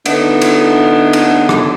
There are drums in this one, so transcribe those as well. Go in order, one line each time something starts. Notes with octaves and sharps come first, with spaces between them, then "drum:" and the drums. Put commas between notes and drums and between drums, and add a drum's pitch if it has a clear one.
D3 A3 B3 D4 D#4, drum: cymbal
drum: cymbal
drum: cymbal
drum: rim click